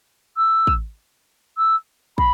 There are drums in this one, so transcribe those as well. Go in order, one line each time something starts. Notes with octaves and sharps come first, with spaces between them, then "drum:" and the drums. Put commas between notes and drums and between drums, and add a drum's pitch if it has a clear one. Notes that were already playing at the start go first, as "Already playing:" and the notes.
E6
drum: kick
E6
B5, drum: kick